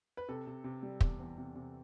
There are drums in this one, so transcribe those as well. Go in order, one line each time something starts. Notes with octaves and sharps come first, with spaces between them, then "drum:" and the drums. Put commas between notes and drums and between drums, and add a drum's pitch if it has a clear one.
B4
C3 A4
C3
C3
G3
E2, drum: kick
E2
C3
C3